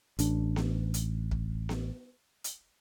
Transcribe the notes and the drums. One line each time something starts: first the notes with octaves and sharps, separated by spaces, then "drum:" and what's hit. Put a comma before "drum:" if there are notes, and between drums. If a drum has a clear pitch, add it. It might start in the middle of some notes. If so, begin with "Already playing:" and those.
A1 D4, drum: hi-hat
drum: snare B3
drum: hi-hat
drum: kick
drum: snare B3
drum: hi-hat